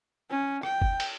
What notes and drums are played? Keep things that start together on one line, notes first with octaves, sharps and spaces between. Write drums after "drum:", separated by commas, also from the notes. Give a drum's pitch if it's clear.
C#4
G5, drum: rim click
drum: kick
drum: cymbal